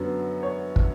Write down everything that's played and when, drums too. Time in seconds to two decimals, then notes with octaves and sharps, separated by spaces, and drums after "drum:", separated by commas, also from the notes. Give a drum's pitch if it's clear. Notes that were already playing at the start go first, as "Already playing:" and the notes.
Already playing: F#2 D3 F#3 B3
0.43 C#5
0.76 drum: kick